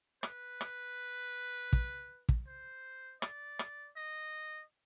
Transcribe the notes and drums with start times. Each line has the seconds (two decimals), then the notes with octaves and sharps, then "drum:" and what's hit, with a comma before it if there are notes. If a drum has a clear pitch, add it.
0.23 B4, drum: rim click
0.61 drum: rim click
1.73 drum: kick
2.29 drum: kick
2.48 C5
3.22 D5, drum: rim click
3.59 drum: rim click
3.97 D#5